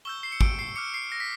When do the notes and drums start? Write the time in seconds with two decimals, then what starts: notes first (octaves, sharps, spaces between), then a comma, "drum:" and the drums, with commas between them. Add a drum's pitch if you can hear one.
0.05 C#6 E6 G6 G7
0.23 C7
0.32 C#7
0.41 D7, drum: kick
0.59 C7
0.76 D6 F6 C#7
0.94 C7
1.12 A#6
1.20 B6